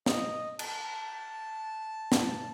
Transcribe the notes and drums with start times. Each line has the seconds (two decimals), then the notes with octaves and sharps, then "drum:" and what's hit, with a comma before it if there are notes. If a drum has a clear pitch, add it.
0.06 D#5, drum: snare
0.59 A5, drum: cymbal
2.12 drum: snare